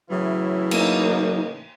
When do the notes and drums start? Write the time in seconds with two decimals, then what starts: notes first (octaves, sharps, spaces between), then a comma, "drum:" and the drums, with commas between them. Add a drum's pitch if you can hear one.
0.10 A2 C#3 E3 F#3 E4
0.71 A#3 D#4, drum: cymbal